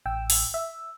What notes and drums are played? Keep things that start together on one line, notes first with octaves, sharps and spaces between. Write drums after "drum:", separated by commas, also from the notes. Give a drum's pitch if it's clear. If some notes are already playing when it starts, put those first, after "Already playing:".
A1 G5 E6
drum: open hi-hat
E5